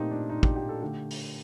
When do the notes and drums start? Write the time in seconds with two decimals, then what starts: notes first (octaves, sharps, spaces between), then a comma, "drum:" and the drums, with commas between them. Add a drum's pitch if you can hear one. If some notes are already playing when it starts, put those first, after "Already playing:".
Already playing: A#2 A3 C4 D#4 G4
0.11 D4
0.29 D#4
0.43 G4, drum: kick
0.56 G4
0.69 A4
0.82 D3 A3 G4
1.11 drum: open hi-hat